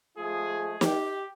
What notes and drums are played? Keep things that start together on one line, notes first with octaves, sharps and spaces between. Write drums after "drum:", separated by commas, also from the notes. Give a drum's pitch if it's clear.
F3 G#3 A3 F4 G#4
G4, drum: snare